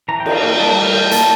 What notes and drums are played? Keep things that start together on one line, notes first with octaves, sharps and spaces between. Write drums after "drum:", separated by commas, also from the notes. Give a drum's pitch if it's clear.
E3 A#5
G5
D4, drum: cymbal
F5
A#3 G5
G3 A5
G5
A3
F5
E3 G5
A#3 A5, drum: hi-hat